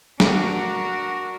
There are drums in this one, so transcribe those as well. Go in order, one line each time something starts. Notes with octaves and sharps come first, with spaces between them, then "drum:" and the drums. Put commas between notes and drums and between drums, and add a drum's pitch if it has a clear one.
D4 F#4 A#4, drum: snare